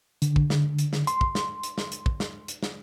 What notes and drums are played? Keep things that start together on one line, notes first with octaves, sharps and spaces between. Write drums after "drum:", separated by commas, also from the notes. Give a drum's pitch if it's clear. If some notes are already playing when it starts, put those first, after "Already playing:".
D3, drum: hi-hat
drum: kick
drum: snare
drum: hi-hat
drum: snare
C6, drum: hi-hat
drum: kick
drum: snare
drum: hi-hat
drum: snare
drum: hi-hat
drum: kick
drum: snare
drum: hi-hat
drum: snare